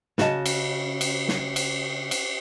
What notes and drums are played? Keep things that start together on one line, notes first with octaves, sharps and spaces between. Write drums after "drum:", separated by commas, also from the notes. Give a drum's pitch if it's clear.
C#3 F#4 D#5 F5 A5, drum: snare
drum: cymbal
drum: cymbal
drum: snare
drum: cymbal
drum: cymbal